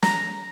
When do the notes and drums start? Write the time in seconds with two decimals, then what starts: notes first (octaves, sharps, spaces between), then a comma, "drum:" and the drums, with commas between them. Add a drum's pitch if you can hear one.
0.03 A#5, drum: snare